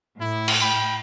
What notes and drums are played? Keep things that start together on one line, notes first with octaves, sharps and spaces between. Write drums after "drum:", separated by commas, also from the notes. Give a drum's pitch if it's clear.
A2 E4
drum: cymbal
G5 B5